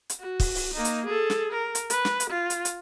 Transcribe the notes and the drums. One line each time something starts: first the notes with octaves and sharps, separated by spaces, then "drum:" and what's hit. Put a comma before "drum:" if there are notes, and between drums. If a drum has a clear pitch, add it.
drum: hi-hat
F#4
drum: kick, open hi-hat
drum: open hi-hat
A#3 D#4
drum: hi-hat
G#4 A4
drum: snare
A#4
drum: hi-hat
B4, drum: hi-hat
drum: snare
drum: hi-hat
F4
drum: hi-hat
drum: hi-hat